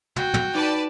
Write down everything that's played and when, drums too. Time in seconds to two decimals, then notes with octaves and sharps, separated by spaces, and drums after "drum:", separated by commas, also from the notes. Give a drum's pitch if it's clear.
0.16 F#4 G5, drum: tom
0.34 drum: tom
0.55 D#4 B4 D5 A5